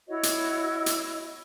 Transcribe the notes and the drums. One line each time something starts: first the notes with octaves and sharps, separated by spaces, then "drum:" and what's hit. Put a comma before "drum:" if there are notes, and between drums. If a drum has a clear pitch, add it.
E4 F#4 C#5 D#5
drum: hi-hat
drum: hi-hat